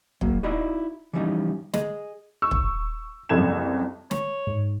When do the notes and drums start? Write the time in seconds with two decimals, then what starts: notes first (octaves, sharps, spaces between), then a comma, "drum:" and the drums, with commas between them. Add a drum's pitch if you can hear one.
0.21 F#3 A#3, drum: kick
0.43 D#4 E4 F#4 D5 D#5 F5
1.13 E3 F3 G3 C#4 D#4
1.74 G#4 D#5, drum: snare
2.42 C#6 E6
2.51 drum: kick
3.29 F#1 C2 F3 A4 G#6 E7
4.11 C#5, drum: snare
4.47 G#2